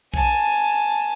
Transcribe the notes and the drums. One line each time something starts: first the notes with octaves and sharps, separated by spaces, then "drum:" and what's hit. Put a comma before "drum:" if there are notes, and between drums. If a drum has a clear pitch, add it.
G#5 A5, drum: kick A#1